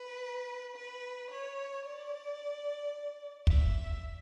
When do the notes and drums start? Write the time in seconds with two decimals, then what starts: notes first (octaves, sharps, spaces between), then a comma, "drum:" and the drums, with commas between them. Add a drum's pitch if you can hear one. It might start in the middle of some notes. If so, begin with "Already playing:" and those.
Already playing: B4
0.76 B4
1.31 C#5
1.85 D5
3.47 E5, drum: kick